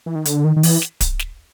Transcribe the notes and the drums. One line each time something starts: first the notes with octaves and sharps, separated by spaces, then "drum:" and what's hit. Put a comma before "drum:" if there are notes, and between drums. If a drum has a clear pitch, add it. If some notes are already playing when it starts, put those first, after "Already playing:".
E3
D#3
D3, drum: hi-hat
D#3
D#3
E3, drum: open hi-hat
drum: snare
drum: kick D1, hi-hat
drum: snare